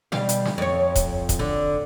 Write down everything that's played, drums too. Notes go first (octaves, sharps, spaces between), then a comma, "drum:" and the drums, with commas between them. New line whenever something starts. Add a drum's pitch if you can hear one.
B2 G3 F5, drum: snare
drum: hi-hat
drum: snare
F2 C#5
drum: kick D#1, hi-hat
drum: kick D#1, hi-hat
D3